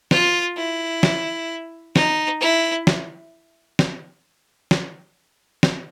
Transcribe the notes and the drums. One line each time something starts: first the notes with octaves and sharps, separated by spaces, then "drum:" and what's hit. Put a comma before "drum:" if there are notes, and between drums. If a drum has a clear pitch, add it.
F4, drum: snare
E4
drum: snare
D#4, drum: snare
E4
drum: snare
drum: snare
drum: snare
drum: snare